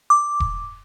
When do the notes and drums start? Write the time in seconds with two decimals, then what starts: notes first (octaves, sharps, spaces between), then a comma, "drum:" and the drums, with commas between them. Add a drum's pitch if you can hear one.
0.10 D6
0.40 drum: kick E1